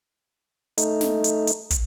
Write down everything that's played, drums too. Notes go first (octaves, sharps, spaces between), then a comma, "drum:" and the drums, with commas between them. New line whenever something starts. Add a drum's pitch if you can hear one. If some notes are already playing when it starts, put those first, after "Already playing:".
A3 D#4, drum: hi-hat
drum: snare
drum: hi-hat
drum: hi-hat
drum: kick, hi-hat